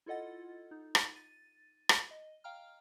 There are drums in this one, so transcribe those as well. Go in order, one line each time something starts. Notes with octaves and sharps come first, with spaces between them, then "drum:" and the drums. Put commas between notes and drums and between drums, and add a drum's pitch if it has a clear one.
E4 F4 A4 D#5 F#5 A6
D#4
drum: rim click
A6 D#7
drum: rim click
D#5
F5 G5 A#5 F6